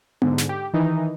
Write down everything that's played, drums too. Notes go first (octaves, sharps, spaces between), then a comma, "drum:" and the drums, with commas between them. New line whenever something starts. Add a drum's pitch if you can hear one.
G#2 D3, drum: tom B3
drum: snare
G4
D#3 E3 D#4